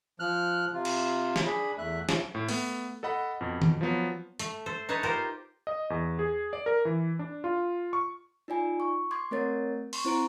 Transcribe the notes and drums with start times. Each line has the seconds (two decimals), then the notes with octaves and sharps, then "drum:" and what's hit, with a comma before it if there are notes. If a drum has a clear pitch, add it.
0.20 F3 F6 F#6
0.73 C3 F4
0.85 drum: cymbal
1.36 drum: snare
1.45 D4 G#4 B5
1.78 E2 A3 E5 F#6
2.09 drum: snare
2.35 A2
2.49 A3 B3, drum: open hi-hat
3.03 A4 D#5 F#5 B5
3.41 F2 B2
3.62 drum: tom D#3
3.81 F3 F#3 B3
4.39 A3, drum: hi-hat
4.66 A4 C5
4.89 D#4 B4 C#5 A5
5.03 F4 G4 A#4 C5
5.67 D#5
5.90 E2
6.19 G#4
6.53 D5
6.66 A#4
6.85 E3
7.19 D4
7.44 F4
7.93 C#6
8.48 D#4 F4 D5 G#5
8.80 C#6
9.11 C6 D6 G#6
9.31 A3 C4 A#4 C#5 A6
9.93 C6 C#6, drum: open hi-hat
10.04 C4 E4 C5 A#5 D7